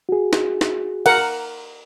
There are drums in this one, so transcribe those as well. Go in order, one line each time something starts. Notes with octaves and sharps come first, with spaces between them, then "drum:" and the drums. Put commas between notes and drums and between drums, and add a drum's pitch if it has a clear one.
F#4 G#4
drum: snare
drum: snare
A#4 F#5, drum: cymbal